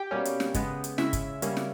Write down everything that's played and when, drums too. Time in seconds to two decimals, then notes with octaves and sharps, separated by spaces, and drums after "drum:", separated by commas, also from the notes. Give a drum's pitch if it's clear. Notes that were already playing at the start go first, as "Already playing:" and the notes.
Already playing: G4 G5
0.11 B2 G3 A#3 C#4
0.25 drum: hi-hat
0.40 drum: snare
0.54 C#3 G#3 B3, drum: kick, hi-hat
0.84 drum: hi-hat
0.98 C#3 G#3 C#4 E4 E5, drum: snare
1.13 drum: kick, hi-hat
1.42 C#3 G3 A#3 C#4, drum: hi-hat
1.57 drum: snare